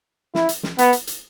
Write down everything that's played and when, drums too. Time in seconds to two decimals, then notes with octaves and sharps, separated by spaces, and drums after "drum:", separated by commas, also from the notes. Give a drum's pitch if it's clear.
0.35 E4, drum: snare
0.49 drum: hi-hat
0.63 drum: snare
0.78 B3, drum: hi-hat
0.93 drum: hi-hat
1.07 drum: hi-hat